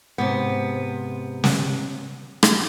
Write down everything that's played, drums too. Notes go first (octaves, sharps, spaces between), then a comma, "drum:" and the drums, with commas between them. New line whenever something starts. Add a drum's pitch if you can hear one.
G#2 C3 B3
drum: snare
drum: rim click